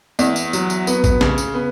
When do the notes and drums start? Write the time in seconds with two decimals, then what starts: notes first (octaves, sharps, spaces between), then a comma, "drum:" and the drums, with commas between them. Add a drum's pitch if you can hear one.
0.19 E2, drum: tambourine
0.36 drum: tambourine
0.53 F#3, drum: tambourine
0.70 drum: tambourine
0.87 B3, drum: tambourine
1.04 drum: kick, tambourine
1.21 C#3, drum: snare
1.38 drum: tambourine
1.54 B3